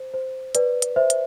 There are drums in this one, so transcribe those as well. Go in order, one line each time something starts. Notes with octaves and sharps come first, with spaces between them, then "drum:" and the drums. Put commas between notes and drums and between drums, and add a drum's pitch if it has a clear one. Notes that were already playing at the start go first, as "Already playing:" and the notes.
Already playing: C5
C5
B4 D5, drum: hi-hat
drum: hi-hat
C5 E5
drum: hi-hat